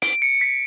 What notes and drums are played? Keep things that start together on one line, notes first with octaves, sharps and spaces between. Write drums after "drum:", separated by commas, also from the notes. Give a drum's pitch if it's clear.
D7, drum: hi-hat
C#7
B6